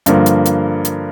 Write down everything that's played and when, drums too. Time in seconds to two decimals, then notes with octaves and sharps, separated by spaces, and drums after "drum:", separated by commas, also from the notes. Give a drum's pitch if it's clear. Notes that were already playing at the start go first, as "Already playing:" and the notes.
0.06 G2 D3 F3 A#3, drum: hi-hat
0.26 drum: hi-hat
0.45 drum: hi-hat
0.85 drum: hi-hat